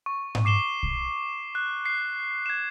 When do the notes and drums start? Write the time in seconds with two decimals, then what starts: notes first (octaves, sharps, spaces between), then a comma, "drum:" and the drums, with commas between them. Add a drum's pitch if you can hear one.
0.06 C#6
0.35 drum: tom G#2
0.45 D6 C7 E7 G7
0.83 drum: kick
1.55 F#6
1.85 C7
2.46 G#6 E7